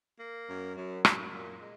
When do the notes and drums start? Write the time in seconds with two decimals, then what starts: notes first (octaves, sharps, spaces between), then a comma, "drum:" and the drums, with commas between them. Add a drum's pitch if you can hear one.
0.19 A#3
0.48 F#2
0.76 F#2
1.05 F#2, drum: rim click
1.32 A#2
1.60 G#3